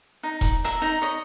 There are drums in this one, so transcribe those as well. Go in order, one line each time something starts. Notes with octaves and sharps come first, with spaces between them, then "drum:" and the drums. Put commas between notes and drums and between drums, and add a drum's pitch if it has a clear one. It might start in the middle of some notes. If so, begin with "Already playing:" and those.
D#4
drum: kick E1, hi-hat
E5 A#5, drum: hi-hat
D#4 A#5
C#5 D#5